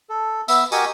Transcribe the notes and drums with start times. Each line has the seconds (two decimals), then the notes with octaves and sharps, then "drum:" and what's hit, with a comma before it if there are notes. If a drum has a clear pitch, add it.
0.09 A4
0.48 B3 E5 E6, drum: tambourine
0.72 F#4 G4 A#4 D#5 G#5 C#6, drum: tambourine